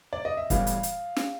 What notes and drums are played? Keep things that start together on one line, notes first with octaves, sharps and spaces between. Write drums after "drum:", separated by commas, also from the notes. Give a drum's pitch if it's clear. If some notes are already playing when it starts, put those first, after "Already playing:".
D5
D#5
E5
A2 E3 G3 B3 F5, drum: kick, hi-hat
drum: hi-hat
drum: hi-hat
drum: snare